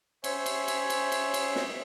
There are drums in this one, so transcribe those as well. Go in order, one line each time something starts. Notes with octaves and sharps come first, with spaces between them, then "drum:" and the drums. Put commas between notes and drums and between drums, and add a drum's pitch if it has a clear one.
C5 C#5 E5 G#5, drum: cymbal
drum: cymbal
drum: cymbal
drum: cymbal
drum: cymbal
drum: cymbal
drum: snare